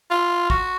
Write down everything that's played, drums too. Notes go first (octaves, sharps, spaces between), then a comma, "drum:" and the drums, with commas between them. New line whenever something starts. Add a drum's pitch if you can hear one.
F4
F#4, drum: kick